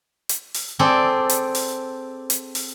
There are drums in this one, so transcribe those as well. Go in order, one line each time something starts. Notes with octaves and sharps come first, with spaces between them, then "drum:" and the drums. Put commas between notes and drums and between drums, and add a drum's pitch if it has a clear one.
drum: hi-hat
drum: open hi-hat
C4 G#4 A4 D5
drum: hi-hat
drum: open hi-hat
drum: hi-hat
drum: open hi-hat